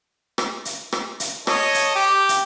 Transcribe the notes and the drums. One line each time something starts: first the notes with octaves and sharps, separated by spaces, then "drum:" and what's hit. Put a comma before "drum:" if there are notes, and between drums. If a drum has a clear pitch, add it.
drum: rim click
drum: hi-hat
drum: rim click
drum: hi-hat
A4 C#5 D#5, drum: rim click
drum: hi-hat
G4 D6
drum: hi-hat